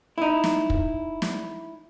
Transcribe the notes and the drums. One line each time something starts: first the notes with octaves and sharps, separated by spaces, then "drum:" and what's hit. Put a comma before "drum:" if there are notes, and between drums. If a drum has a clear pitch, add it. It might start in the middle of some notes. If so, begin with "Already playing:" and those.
D#4 E4
drum: snare
drum: kick
drum: snare